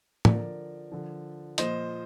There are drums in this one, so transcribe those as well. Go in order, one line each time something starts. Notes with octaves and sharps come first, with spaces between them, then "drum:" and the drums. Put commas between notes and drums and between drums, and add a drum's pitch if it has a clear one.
D3 F3 A#4 D5, drum: tom A2
D3 F3
A#2 F3 C5 D#5, drum: hi-hat